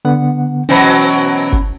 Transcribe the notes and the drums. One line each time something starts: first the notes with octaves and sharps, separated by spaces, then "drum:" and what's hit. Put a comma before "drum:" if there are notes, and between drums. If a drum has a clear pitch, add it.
D3 B3 F#5
B2 E3 F#3 C#4 C5 G#5 B5
drum: kick G1